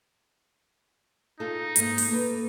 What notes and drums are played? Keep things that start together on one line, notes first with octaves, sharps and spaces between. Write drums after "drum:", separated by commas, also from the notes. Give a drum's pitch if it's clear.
D#4 F4 A4
G#2 A#3, drum: hi-hat
drum: open hi-hat
A#3 A4 B4